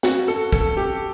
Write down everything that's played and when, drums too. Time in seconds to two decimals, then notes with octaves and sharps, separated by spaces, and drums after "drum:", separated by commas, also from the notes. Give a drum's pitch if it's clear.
0.03 F#4, drum: snare
0.28 A4
0.53 A4, drum: kick
0.77 G4